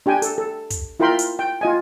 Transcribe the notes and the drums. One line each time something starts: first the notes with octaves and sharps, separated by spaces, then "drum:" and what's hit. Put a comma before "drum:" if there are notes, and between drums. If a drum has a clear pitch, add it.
D4 G4 G5 G#5
A4, drum: hi-hat
A4
drum: kick, hi-hat
E4 F4 A#4 G5 B5 C6
drum: hi-hat
G5
F4 D#5 G#5